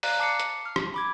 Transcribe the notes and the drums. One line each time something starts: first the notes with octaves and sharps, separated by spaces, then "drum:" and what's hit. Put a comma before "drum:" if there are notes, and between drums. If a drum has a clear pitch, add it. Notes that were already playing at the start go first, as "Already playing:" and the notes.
D5 F5 A#5 F#6, drum: open hi-hat
A5 D6 C7 C#7
drum: hi-hat
F6
drum: rim click
B5 D6 G#6